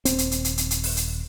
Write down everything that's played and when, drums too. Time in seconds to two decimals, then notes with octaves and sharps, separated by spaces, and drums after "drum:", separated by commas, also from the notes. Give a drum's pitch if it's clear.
0.05 D#1 C4, drum: hi-hat
0.18 drum: hi-hat
0.31 drum: hi-hat
0.44 drum: hi-hat
0.58 drum: hi-hat
0.71 drum: hi-hat
0.84 drum: open hi-hat
0.97 drum: hi-hat